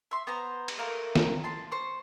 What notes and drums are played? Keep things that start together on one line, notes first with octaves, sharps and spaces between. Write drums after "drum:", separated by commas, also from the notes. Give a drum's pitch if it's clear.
E5 C6
B3 C5 A#5
drum: cymbal
A3 A#3 A#4
drum: snare
A5 C6
C5 C#6